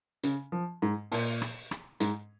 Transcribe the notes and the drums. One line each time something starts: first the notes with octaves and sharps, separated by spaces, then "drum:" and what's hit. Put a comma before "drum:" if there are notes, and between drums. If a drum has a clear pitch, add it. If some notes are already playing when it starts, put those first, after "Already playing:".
C#3, drum: hi-hat
F3
G#2
A#2, drum: open hi-hat
drum: rim click
drum: rim click
G#2, drum: hi-hat